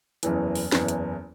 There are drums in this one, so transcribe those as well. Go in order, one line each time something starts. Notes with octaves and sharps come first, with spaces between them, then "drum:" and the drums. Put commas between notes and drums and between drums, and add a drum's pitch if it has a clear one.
F#1 E2 E3, drum: hi-hat
drum: open hi-hat
F#1 E2 E3, drum: snare
drum: hi-hat